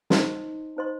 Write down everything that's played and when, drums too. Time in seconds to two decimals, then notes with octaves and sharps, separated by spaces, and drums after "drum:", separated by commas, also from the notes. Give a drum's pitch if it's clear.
0.10 D#4 C5 D#5 C6, drum: snare
0.77 D#4 C5 D#5 C6